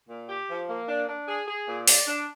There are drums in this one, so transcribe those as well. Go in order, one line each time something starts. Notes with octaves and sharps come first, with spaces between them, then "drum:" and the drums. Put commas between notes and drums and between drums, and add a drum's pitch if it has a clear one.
A#2
G4
F3
A#3
D4
D4
G#4
G#4
A#2
D5, drum: open hi-hat
D4